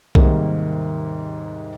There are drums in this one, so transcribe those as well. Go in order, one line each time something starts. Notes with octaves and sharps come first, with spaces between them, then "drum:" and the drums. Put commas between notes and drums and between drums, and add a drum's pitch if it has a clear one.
D#2 G#2 C3 D#3 G3 A#3, drum: kick B1